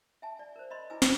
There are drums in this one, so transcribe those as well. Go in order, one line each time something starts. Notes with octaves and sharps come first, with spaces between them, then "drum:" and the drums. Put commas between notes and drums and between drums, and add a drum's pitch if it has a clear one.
E5 G#5 A5
D5
A#4 C5
D5 D#5 B5 C6
E4 B4 G#5 D6 E6
C5 G#5 B5, drum: snare